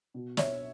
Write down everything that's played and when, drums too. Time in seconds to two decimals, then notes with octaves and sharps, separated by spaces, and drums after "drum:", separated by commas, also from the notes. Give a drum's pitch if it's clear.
0.14 B2
0.37 C#5 E5, drum: snare